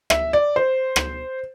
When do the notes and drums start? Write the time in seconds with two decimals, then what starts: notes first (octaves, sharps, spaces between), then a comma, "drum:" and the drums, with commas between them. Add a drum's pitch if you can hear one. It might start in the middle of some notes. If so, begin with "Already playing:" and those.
0.10 E5, drum: rim click
0.33 D5
0.56 C5
0.96 drum: rim click